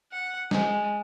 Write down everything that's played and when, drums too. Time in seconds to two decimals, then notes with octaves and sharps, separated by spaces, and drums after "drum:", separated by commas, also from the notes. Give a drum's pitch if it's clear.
0.12 F#5
0.51 G#3, drum: snare